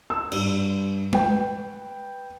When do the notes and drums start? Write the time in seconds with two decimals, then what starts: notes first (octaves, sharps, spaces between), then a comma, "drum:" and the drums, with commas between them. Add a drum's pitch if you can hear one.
0.10 E6
0.32 G2, drum: cymbal
1.13 B4 G5, drum: tom